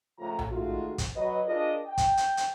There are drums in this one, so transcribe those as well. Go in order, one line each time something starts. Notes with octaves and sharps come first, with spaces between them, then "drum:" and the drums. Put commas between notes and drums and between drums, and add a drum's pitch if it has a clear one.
C#2 F3 A3 A#5
drum: tom A#1
D#3 G#3 A3 F4 F#4
drum: kick, hi-hat
F#3 B4 D#5
D4 F4 G#4 A#4 D5 D#5
G5
drum: kick, hi-hat
drum: hi-hat
drum: hi-hat